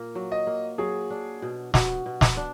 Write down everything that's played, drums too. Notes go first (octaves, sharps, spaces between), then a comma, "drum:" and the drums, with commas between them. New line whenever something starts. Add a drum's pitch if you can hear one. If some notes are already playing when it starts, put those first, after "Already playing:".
Already playing: A#2 A#3
F#3
D#5
A#3
F#3 G#4
D4
B2
B2 F#4, drum: snare
B2
drum: snare
D4